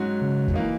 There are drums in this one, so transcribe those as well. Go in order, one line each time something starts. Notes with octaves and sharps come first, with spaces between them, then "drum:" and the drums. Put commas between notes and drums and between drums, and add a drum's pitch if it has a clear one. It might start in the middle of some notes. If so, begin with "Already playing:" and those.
Already playing: G#2 F#3 C#4 F#4
C#3
E2, drum: kick
E3 A#3 D#4